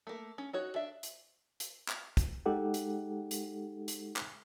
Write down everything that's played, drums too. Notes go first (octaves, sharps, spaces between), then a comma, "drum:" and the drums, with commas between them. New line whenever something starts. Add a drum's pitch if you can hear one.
A3 A#3
C#4
D#4 F#4 C#5
D4 E5
drum: hi-hat
drum: hi-hat
drum: clap
drum: kick, hi-hat
G#3 D#4 G4 A4 F#5
drum: hi-hat
drum: hi-hat
drum: hi-hat
drum: clap